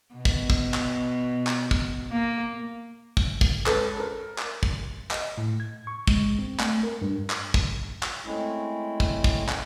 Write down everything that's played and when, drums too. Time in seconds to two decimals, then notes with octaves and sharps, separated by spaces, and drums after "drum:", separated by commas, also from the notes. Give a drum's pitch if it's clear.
0.15 B2
0.25 drum: kick
0.50 drum: kick
0.74 drum: clap
1.47 drum: clap
1.71 drum: kick
2.12 A#3
3.17 drum: kick
3.41 drum: kick
3.66 G#3 C#4 A4 B4, drum: clap
4.00 A#4
4.38 drum: clap
4.63 drum: kick
5.11 D#5, drum: clap
5.38 A2
5.60 G#6
5.87 C#6
6.07 G#3, drum: kick
6.39 C4
6.60 A3, drum: clap
6.83 A#4
7.01 G2
7.30 drum: clap
7.54 drum: kick
8.03 drum: clap
8.26 G#3 A3 C4 C#4 E4
9.00 drum: kick
9.24 drum: kick
9.49 drum: clap